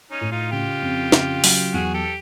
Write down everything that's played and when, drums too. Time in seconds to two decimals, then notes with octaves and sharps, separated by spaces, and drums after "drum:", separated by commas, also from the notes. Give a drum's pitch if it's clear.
0.11 C#4 D#4
0.21 A2
0.31 D#4 F4
0.52 C#3 F4 G4
0.82 F2
1.12 C#3, drum: snare
1.44 F#3, drum: open hi-hat
1.73 E2 F#4 G#4
1.94 G4 A4